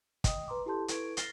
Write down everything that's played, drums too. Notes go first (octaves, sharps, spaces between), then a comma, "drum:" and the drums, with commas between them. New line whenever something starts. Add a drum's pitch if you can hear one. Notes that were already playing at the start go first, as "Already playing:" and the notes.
D#5 G5 D#6, drum: kick, hi-hat
B4 A#5 C6 D6
E4 G4 A4 A5 C6 G6
E4 A4 B4 C#6 G#6 D7, drum: hi-hat
F6 A6 A#6 C7 G7, drum: hi-hat